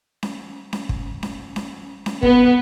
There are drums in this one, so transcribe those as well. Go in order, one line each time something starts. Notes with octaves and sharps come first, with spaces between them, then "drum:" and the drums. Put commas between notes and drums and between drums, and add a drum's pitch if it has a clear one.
drum: snare C#4
drum: snare C#4
drum: kick
drum: snare C#4
drum: snare C#4
drum: snare C#4
B3, drum: kick